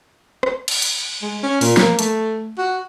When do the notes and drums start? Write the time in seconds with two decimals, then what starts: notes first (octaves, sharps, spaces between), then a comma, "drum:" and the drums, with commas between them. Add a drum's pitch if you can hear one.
0.43 drum: rim click
0.68 drum: cymbal
0.82 drum: hi-hat
1.22 G#3
1.43 C#4
1.61 A#2, drum: open hi-hat
1.77 A#3, drum: snare
1.99 A3, drum: hi-hat
2.58 F#4